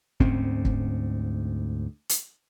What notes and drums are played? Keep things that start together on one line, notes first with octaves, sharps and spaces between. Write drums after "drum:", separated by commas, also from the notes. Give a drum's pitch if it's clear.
D2 G#2 C4 C#4, drum: kick
drum: kick
drum: hi-hat